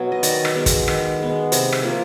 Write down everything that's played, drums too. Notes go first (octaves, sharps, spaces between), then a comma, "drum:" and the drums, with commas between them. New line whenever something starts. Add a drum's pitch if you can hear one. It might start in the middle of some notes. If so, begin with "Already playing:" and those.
Already playing: B2 F#3 B3
D#5
D#3 D5, drum: hi-hat
drum: rim click
G#3 B3
drum: kick, hi-hat
D#3, drum: rim click
G#3 B3
C3, drum: hi-hat
drum: rim click
F3 A#3